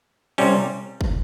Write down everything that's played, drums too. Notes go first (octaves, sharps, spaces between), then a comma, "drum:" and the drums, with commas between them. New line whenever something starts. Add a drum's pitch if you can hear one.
C2 C3 G3 C#4, drum: open hi-hat
drum: kick